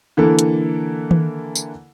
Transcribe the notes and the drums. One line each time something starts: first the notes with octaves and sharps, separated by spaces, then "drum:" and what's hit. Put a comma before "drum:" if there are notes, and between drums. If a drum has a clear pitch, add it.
D3 E3 A#3 E4 A4
drum: hi-hat
drum: tom D#3
drum: tambourine